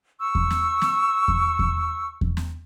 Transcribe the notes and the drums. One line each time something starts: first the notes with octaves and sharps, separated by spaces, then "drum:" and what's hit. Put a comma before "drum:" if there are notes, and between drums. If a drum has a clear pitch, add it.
C#6 E6
drum: kick E2
drum: snare
drum: snare
drum: kick E2
drum: kick E2
drum: kick E2
drum: snare